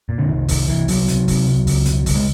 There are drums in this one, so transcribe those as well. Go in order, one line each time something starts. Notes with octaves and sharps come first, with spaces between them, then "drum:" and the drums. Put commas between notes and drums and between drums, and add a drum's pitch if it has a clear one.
A#2
D3
C2 D#3
C2 D#3, drum: kick F#1, open hi-hat
C2 E3
C2 F#3, drum: open hi-hat
C3, drum: hi-hat
C3, drum: kick F#1, open hi-hat
C2
C#2, drum: open hi-hat
B2, drum: hi-hat
C#2, drum: kick F#1, open hi-hat
G#3